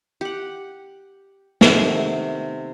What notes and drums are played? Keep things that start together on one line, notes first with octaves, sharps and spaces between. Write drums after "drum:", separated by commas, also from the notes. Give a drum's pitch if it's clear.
G4 F#5
C3 D#3 A3 B3, drum: snare